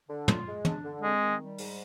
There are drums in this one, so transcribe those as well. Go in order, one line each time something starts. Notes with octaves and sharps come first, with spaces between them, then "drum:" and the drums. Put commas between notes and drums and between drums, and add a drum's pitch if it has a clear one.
D3
F4, drum: tom
G#3
D4, drum: tom
D3
G#3 C4
D#3
G3
G#2, drum: open hi-hat